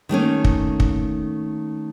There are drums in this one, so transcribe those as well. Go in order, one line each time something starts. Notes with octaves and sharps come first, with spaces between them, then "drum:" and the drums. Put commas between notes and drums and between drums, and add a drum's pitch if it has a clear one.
D#3 A3 A#3 C#4
drum: kick
drum: kick